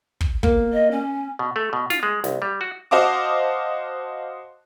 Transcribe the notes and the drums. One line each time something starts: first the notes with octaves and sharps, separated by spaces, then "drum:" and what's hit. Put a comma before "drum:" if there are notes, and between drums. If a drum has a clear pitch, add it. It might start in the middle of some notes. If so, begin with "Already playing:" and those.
drum: kick
A#3, drum: kick
D#5
C#4
B2
A3
B2
F4, drum: snare
G#3
C2, drum: snare
G3
F#4
F#4 C5 D#5 F5 A5 D6